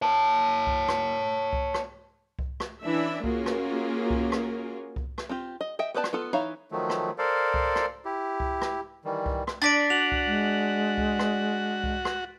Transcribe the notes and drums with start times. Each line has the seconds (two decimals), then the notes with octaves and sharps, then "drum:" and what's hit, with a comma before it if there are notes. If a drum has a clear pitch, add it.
0.02 C#5 A5
0.67 drum: kick C2
0.88 drum: rim click
1.53 drum: kick C2
1.74 drum: rim click
2.39 drum: kick C2
2.60 drum: rim click
2.83 E3 C#4 D4 E4 E5 B5
3.24 A#3 C#4 F4 F#4 G#4 A#4, drum: kick C2
3.46 drum: rim click
4.10 drum: kick C2
4.32 drum: rim click
4.96 drum: kick C2
5.18 drum: rim click
5.29 C4 F4 G4
5.61 D#5
5.79 D#5 E5 G5
5.94 B3 G4 B4 D5 A5
6.04 drum: rim click
6.13 B3 F4 A4
6.33 E3 D#4 C#5 E5 F5
6.71 D#3 F3 F#3 A3
6.90 drum: rim click
7.18 A4 A#4 C5 D5 F5
7.54 drum: kick C2
7.76 drum: rim click
8.05 E4 G4
8.40 drum: kick C2
8.61 drum: rim click
9.05 D#3 E3 G3
9.26 drum: kick C2
9.47 drum: rim click
9.62 D4 D5 A6 B6 D7
9.90 F#4 F7 F#7
10.12 drum: kick C2
10.27 G#3
10.98 drum: kick C2
11.19 drum: rim click
11.84 drum: kick C2
12.05 drum: rim click